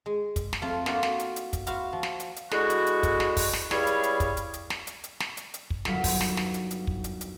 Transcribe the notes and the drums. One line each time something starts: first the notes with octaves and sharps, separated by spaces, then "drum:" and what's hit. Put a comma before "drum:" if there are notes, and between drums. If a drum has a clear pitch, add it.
G#3
drum: kick, hi-hat
drum: snare
F2 A3 F4
A#3 D4 D#4 F4 F#4 A4, drum: snare
drum: snare
drum: hi-hat
drum: hi-hat
drum: kick, hi-hat
E4 F#4 C5 F5, drum: hi-hat
F3
drum: snare
drum: hi-hat
drum: hi-hat
D3 G#3 E4 F#4, drum: snare
drum: hi-hat
drum: hi-hat
drum: kick, hi-hat
drum: snare
drum: kick, open hi-hat
drum: snare
C#2 G3 E4 G#4 C#5 F5, drum: snare
drum: hi-hat
drum: hi-hat
drum: kick, hi-hat
drum: hi-hat
drum: hi-hat
drum: snare
drum: hi-hat
drum: hi-hat
drum: snare
drum: hi-hat
drum: hi-hat
drum: kick
G1 D#2 F#3 B4 F5 B6, drum: snare
drum: kick, open hi-hat
drum: snare
drum: snare
drum: hi-hat
drum: hi-hat
drum: kick
drum: hi-hat
drum: hi-hat